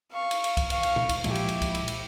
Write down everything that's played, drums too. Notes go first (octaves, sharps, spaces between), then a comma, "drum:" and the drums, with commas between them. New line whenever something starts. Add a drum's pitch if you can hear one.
F5 C#6
drum: cymbal
drum: cymbal
drum: kick C2, cymbal
F5 C#6, drum: cymbal
drum: cymbal
drum: tom A#2
drum: kick C2, cymbal
A#2 F3 G#3 E4 G4, drum: cymbal
drum: cymbal
drum: cymbal
drum: kick C2, cymbal
drum: cymbal
drum: cymbal